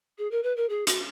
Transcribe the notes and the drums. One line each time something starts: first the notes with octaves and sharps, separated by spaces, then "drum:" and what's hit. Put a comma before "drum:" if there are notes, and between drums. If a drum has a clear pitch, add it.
G#4
A#4
B4
A#4
G#4
F#4, drum: hi-hat